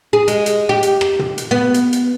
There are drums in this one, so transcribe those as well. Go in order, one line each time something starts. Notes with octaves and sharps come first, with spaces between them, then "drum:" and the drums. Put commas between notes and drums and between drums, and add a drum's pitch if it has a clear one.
G#4
G#3, drum: hi-hat
drum: hi-hat
G4
drum: hi-hat
drum: rim click
drum: tom
drum: hi-hat
B3
drum: hi-hat
drum: hi-hat